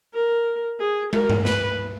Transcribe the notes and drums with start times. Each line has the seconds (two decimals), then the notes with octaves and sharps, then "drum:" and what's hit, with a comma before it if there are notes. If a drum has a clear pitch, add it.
0.14 A#4
0.80 G#4
1.13 A#4, drum: tom
1.30 drum: tom G2
1.45 B4, drum: snare